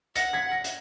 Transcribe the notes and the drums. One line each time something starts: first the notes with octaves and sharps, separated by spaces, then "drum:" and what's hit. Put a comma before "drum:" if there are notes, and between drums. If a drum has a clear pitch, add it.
F#5 A#6 C#7, drum: hi-hat
G#6 B6
A#6 C#7
drum: hi-hat